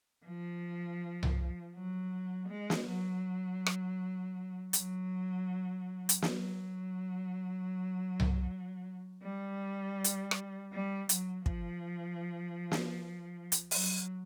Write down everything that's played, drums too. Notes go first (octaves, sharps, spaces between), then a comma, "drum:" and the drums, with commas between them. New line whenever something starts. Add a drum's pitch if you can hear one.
F3
drum: tom C2
F#3
G#3
drum: snare
F#3
drum: rim click
F#3, drum: hi-hat
drum: hi-hat
F#3, drum: snare
drum: tom C2
G3
drum: hi-hat
drum: rim click
G3
F#3, drum: hi-hat
F3, drum: kick
drum: snare
drum: hi-hat
F#3, drum: open hi-hat